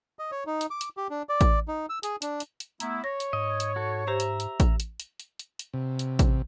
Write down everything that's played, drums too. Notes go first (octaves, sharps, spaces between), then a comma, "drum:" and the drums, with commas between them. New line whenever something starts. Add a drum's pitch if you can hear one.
D#5
C#5
D#4
drum: hi-hat
D6
drum: hi-hat
G4
D4
D5
drum: kick A1, hi-hat
D#4
E6
G#4, drum: hi-hat
D4, drum: hi-hat
drum: hi-hat
drum: hi-hat
A3 B3 E4 A#5, drum: hi-hat
C#5 A#6
drum: hi-hat
G#2 D#5
drum: hi-hat
F#4 A4
G4 C5 E5 A#5
drum: hi-hat
drum: hi-hat
drum: kick A1, hi-hat
drum: hi-hat
drum: hi-hat
drum: hi-hat
drum: hi-hat
drum: hi-hat
C3
drum: hi-hat
drum: kick A1, hi-hat